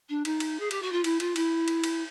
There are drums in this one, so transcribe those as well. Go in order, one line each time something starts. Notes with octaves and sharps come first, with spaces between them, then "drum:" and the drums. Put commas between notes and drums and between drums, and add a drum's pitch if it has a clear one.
D4
D#4, drum: cymbal
drum: cymbal
G#4
G4, drum: cymbal
F#4
F4
E4, drum: cymbal
F4, drum: cymbal
E4, drum: cymbal
drum: cymbal
drum: cymbal